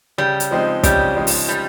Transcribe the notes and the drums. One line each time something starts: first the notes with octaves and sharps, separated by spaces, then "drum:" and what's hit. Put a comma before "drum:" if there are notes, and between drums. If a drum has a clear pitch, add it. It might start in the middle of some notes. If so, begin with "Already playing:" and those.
C#3 G3
drum: hi-hat
F3 G#3 C4 D#4
C#3 G3, drum: kick, hi-hat
F3 G#3 C4 D#4
drum: open hi-hat
G3